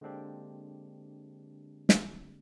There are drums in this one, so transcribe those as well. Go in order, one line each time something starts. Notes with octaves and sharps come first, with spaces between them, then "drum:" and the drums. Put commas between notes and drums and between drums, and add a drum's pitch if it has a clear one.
D3 G#3 A#3 C4 D4 G4
drum: snare